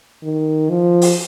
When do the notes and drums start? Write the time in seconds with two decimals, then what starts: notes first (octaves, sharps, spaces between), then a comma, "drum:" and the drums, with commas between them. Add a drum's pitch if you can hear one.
0.23 D#3
0.70 F3
1.01 drum: open hi-hat